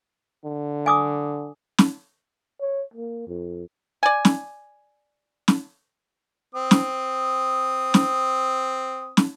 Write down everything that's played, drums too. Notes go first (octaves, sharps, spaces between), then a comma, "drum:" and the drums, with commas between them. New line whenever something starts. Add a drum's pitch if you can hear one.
D3
G#5 D6 D#6
drum: snare
C#5
A#3
F2
D5 G#5
drum: snare
drum: snare
C4 D#6
drum: snare
drum: snare
drum: snare